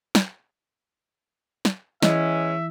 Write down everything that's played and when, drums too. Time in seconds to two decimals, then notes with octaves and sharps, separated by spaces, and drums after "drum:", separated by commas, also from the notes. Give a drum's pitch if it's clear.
0.15 drum: snare
1.65 drum: snare
2.03 E3 G#3 B3 C#4 E4 D#5 E5, drum: snare